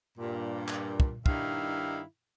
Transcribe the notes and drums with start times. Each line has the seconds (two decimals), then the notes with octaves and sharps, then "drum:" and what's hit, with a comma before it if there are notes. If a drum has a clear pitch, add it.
0.18 G2 A#2
0.68 drum: clap
1.00 drum: kick
1.26 G2 D#3 D#4 E4 E5 F5, drum: kick